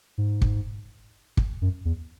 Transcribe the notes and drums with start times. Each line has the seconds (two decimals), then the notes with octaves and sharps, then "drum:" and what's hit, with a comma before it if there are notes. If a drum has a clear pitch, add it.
0.18 G#2
0.42 drum: kick
1.37 drum: kick
1.62 F#2
1.85 E2